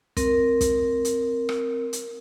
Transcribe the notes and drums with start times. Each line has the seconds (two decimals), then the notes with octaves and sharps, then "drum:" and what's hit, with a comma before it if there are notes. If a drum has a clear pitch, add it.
0.17 C4 A#4, drum: kick, hi-hat
0.61 drum: kick, hi-hat
1.05 drum: hi-hat
1.49 drum: rim click
1.93 drum: hi-hat